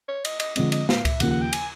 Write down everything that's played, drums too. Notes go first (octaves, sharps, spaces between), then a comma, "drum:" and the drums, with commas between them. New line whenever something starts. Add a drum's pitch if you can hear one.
C#5
D#5, drum: cymbal
D#5, drum: cymbal
D3 F3 G#3 C4 D#5, drum: cymbal
D#5, drum: cymbal
F5, drum: snare
E5, drum: kick C#2, cymbal
D#2 C#3 F3 A#3 F#5, drum: cymbal
F#5
G5
G#5, drum: cymbal